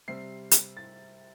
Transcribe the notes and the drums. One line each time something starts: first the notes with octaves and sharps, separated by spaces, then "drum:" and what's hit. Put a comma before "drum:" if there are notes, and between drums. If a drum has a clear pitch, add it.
C3 G3 C4 C7
drum: hi-hat
A6